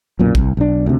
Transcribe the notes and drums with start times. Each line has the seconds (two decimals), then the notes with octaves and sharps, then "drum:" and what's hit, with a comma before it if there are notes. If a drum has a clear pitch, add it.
0.19 B1 F#2 A#2
0.35 C2, drum: kick A1
0.57 B1 D4
0.86 D2 C3